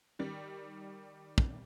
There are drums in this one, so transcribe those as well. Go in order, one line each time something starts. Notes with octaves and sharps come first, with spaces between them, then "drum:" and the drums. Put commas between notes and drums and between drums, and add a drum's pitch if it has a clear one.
D#3 G3
drum: kick